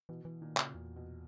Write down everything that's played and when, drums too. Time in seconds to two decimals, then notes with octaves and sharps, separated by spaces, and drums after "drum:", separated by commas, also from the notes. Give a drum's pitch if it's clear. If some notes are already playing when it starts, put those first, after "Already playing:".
0.09 B2 E3
0.25 E3
0.41 A#2 D#3
0.57 C#3, drum: clap
0.74 E2 A#2
0.96 B2